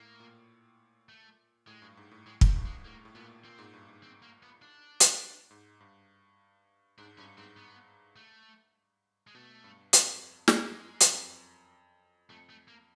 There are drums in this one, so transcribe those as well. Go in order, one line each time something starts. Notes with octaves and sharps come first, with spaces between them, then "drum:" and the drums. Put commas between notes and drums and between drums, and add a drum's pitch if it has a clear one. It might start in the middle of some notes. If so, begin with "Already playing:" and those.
Already playing: A2 A#3
A#2
A3
A2 G#3
G2
G#2
A2
A2 G#3
G#2 G3, drum: kick
G2
G#3
A2 A#3
A2
A#2 B3
A#2 C4
G#2
G2
G#2
C4
A#3
B3
D4
drum: hi-hat
G#2
G2
G#2 D4
G2 C#4
G#2 C4
B3
A3
G#3
B2 A3
G2
F2, drum: hi-hat
F2, drum: snare
F#2 G#3
F#2, drum: hi-hat
F2
F2 A3
A3
A#3